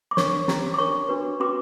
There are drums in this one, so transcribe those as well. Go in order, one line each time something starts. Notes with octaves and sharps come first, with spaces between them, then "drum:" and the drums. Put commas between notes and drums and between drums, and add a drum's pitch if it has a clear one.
D6
D4 A#4 C#5 C#6, drum: snare
C#4 E4 G4, drum: snare
D6
D4 A#4 C#5 C#6
D4 F#4 B4
C#4 F#4 B4 D6